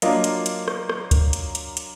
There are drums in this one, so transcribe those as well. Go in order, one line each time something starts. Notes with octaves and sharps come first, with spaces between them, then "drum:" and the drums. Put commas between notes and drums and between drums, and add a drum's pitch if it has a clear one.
F#3 A#3 D4 F4 D#5, drum: hi-hat
drum: hi-hat
drum: hi-hat
drum: rim click
drum: rim click
drum: kick, hi-hat
drum: hi-hat
drum: hi-hat
drum: hi-hat